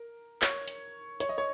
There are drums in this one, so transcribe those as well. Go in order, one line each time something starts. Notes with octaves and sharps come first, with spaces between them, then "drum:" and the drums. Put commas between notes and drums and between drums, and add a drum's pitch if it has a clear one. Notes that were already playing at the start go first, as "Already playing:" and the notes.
Already playing: A#4
C#5, drum: clap
drum: hi-hat
C#5, drum: hi-hat
D#5
C#5